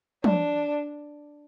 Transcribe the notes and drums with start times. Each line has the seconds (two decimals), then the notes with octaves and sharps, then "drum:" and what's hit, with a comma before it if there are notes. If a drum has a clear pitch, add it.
0.24 D4, drum: tom